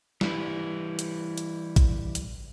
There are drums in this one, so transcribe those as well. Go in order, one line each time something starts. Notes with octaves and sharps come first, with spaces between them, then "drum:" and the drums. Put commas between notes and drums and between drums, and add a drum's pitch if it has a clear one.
E3 G3 E4, drum: snare
drum: hi-hat
drum: hi-hat
drum: kick A1, hi-hat
drum: hi-hat